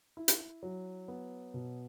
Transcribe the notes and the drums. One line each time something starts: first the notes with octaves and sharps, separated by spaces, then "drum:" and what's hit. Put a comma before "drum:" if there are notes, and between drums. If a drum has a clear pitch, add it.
E4
drum: hi-hat
F#3
B3
B2